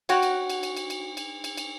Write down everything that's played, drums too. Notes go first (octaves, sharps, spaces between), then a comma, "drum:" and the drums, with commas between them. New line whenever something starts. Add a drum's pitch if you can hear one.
F#4 C#5 F#5 G5, drum: cymbal
drum: cymbal
drum: cymbal
drum: cymbal
drum: cymbal
drum: cymbal
drum: cymbal
drum: cymbal
drum: cymbal